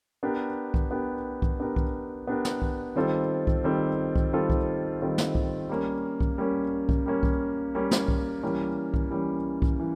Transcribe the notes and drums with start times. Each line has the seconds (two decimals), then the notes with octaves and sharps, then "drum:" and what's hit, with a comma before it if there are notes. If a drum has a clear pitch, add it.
0.23 B3 D4 G4 A#4
0.74 drum: kick B1
0.91 B3 D4 G4 A#4
1.42 drum: kick B1
1.60 B3 D4 G4 A#4
1.76 drum: kick B1
2.27 B3 D4 G4 A#4
2.45 drum: snare
2.62 drum: kick B1
2.95 D#3 G3 C4 F4 A4
3.47 drum: kick B1
3.64 D#3 G3 C4 F4 A4
4.16 drum: kick B1
4.33 D#3 G3 C4 F4 A4
4.50 drum: kick B1
5.00 D#3 G3 C4 F4 A4
5.18 drum: snare
5.35 drum: kick B1
5.69 G3 A#3 C#4
6.20 drum: kick B1
6.38 G3 A#3 C#4
6.89 drum: kick B1
7.06 G3 A#3 C#4
7.23 drum: kick B1
7.75 G3 A#3 C#4
7.91 drum: snare
8.08 drum: kick B1
8.43 E3 G3 A#3 C#4
8.94 drum: kick B1
9.11 E3 G3 A#3 C#4
9.62 drum: kick B1
9.80 E3